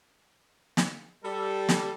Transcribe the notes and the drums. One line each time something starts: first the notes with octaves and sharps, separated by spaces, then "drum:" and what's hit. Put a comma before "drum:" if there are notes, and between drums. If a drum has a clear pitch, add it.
drum: snare
G3 A4
drum: snare